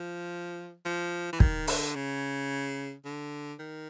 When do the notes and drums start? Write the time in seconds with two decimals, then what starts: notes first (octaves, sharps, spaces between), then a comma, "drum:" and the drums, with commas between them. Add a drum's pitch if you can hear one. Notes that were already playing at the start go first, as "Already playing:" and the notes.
Already playing: F3
0.85 F3
1.33 E3
1.40 D#3, drum: kick
1.67 D3, drum: open hi-hat
1.95 C#3
3.05 D3
3.59 D#3